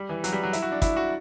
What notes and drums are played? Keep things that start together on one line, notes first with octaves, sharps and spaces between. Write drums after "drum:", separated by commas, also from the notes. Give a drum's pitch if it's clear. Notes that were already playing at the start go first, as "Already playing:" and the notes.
Already playing: G3
E3
F#3, drum: hi-hat
G3
F#3
E4, drum: hi-hat
F#4
D4
E4, drum: kick, hi-hat
F#4